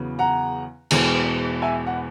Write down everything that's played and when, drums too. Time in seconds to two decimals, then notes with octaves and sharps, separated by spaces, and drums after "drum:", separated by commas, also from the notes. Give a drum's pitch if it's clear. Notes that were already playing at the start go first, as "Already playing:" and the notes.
Already playing: E2 C#3 F#3 B3
0.19 F#5 A#5
0.91 E2 B2 G#3, drum: cymbal
1.62 E5 G#5
1.87 F#5